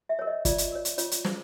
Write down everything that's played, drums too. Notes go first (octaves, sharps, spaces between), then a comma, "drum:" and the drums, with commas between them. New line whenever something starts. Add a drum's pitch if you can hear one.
E5
A#4 C#5
D#5
F4 D5, drum: kick, hi-hat
drum: hi-hat
A#4 C#5
drum: hi-hat
F4 C#5, drum: hi-hat
drum: hi-hat
G#4 C5, drum: snare